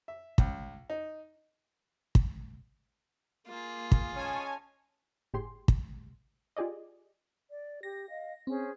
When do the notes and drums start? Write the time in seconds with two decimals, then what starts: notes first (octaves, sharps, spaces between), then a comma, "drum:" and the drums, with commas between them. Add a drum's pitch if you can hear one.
0.08 E5
0.38 C#2, drum: kick
0.90 D#4
2.15 drum: kick
3.48 A#3 F4 G#4
3.92 drum: kick
4.16 C#4 C#5 D#5 G#5 A5
5.33 G1 A2 G4 G#4 C6
5.68 drum: kick
6.57 F4 G4 G#4 D5 D#5
7.51 D5
7.83 G4 A#6
8.09 D#5 F5
8.47 C4 C#4 G#4 C5